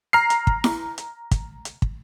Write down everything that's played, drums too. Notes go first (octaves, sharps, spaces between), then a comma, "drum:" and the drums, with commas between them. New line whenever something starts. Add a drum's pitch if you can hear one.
A#5 F6 C7
drum: hi-hat
drum: kick
drum: snare E4
drum: hi-hat
drum: kick, hi-hat
drum: hi-hat
drum: kick